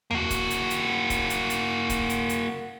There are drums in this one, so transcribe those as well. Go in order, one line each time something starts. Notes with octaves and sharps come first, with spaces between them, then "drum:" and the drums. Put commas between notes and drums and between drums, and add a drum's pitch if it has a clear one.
A#3 F#4, drum: tom D#2
drum: kick, hi-hat
drum: hi-hat
drum: hi-hat
drum: kick, hi-hat
drum: hi-hat
drum: hi-hat
drum: kick, hi-hat
drum: hi-hat
drum: hi-hat